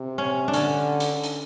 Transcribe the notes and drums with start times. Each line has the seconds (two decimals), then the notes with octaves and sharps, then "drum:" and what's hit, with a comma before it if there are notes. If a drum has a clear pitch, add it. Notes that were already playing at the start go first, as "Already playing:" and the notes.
Already playing: C3
0.18 C#4
0.48 D4
0.53 D3 C#4, drum: hi-hat
1.00 drum: hi-hat
1.23 drum: hi-hat